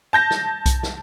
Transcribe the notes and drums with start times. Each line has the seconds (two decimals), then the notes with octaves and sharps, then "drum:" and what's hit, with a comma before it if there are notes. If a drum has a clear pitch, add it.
0.13 A5 G6 A#6
0.31 drum: snare
0.66 drum: kick B1, hi-hat
0.83 drum: snare